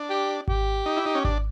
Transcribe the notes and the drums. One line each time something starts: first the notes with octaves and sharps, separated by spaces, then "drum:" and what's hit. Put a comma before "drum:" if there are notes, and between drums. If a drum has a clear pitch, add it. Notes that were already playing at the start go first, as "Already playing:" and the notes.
Already playing: D4
G4
G4, drum: kick G#1
D#4
E4
D#4
C#4
D4, drum: kick G#1